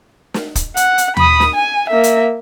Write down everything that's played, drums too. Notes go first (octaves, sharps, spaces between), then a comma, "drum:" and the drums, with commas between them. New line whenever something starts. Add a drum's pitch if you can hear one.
drum: snare
drum: kick, hi-hat
F#5, drum: hi-hat
drum: hi-hat
B5 D#6, drum: tom D#2
drum: snare
G#5
A#3 E5
drum: hi-hat